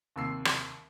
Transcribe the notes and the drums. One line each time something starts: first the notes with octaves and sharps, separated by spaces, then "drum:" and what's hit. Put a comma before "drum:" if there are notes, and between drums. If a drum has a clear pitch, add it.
D#2 C3 E6 C7
drum: rim click